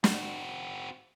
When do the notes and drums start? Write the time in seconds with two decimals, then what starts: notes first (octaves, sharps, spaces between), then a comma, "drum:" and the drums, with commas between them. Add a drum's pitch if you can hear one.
0.04 C4 F#4, drum: snare